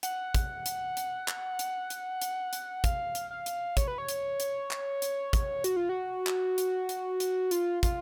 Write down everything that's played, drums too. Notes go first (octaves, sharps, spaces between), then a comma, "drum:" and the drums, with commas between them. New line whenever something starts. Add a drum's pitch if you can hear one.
F#5, drum: hi-hat
drum: kick, hi-hat
drum: hi-hat
drum: hi-hat
drum: clap
drum: hi-hat
drum: hi-hat
drum: hi-hat
drum: hi-hat
F5, drum: kick, hi-hat
drum: hi-hat
F5
drum: hi-hat
C#5, drum: kick, hi-hat
B4
C#5
drum: hi-hat
drum: hi-hat
drum: clap
drum: hi-hat
drum: kick, hi-hat
F#4, drum: hi-hat
F4
F#4
drum: clap
drum: hi-hat
drum: hi-hat
drum: hi-hat
F4, drum: hi-hat
F4, drum: kick, hi-hat